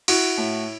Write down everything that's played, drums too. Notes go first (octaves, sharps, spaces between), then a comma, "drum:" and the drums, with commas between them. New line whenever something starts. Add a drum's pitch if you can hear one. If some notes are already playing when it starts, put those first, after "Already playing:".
E4 F#4, drum: cymbal
A2